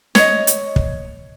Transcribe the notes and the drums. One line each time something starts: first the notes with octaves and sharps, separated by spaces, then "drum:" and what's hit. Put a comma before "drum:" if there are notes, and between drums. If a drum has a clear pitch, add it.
C#5 D#5, drum: snare
drum: hi-hat
drum: kick